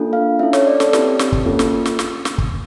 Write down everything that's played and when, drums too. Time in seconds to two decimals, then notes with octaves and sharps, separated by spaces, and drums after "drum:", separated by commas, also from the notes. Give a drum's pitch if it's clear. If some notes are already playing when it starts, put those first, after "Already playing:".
Already playing: A#3 D4 F4 A4
0.13 F5
0.39 C#4 E4 A4 E5
0.53 C#5, drum: snare
0.67 D5
0.80 A4, drum: snare
0.93 C4 E4 G4 B4, drum: snare
1.19 drum: snare
1.33 drum: kick
1.45 A#3 C#4 F4 A4
1.59 drum: snare
1.85 drum: snare
1.99 drum: snare
2.25 drum: snare
2.38 drum: kick